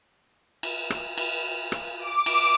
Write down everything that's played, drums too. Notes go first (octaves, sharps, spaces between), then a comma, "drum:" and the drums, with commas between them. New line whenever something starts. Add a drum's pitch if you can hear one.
drum: cymbal
drum: rim click
drum: cymbal
drum: rim click
D6
drum: cymbal